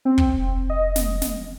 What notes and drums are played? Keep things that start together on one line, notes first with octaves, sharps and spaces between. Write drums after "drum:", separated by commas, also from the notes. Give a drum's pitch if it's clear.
C4
drum: kick
F1
D#5
drum: snare
drum: snare